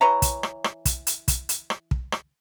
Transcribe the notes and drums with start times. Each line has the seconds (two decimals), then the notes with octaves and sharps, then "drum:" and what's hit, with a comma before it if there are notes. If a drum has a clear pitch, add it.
0.01 E3 B4 C#5 A#5
0.22 drum: kick, hi-hat
0.43 drum: rim click
0.64 drum: rim click
0.85 drum: kick, hi-hat
1.07 drum: hi-hat
1.28 drum: kick, hi-hat
1.49 drum: hi-hat
1.70 drum: rim click
1.91 drum: kick
2.12 drum: rim click